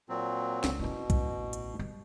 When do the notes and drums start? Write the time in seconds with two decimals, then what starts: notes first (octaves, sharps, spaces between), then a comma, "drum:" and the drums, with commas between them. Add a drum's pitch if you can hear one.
0.09 A#2 F#3 C4
0.64 C#2, drum: snare
0.79 B2 C#4 E4
1.10 A1, drum: kick, hi-hat
1.53 drum: hi-hat
1.79 G3